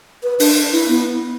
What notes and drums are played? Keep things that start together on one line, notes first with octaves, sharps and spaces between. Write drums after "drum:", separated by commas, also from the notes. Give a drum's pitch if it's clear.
B4
D4, drum: open hi-hat
E4
B3